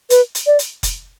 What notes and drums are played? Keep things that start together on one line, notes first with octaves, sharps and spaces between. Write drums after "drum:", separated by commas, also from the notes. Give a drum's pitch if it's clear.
B4, drum: hi-hat
drum: hi-hat
D5
drum: hi-hat
drum: kick F1, hi-hat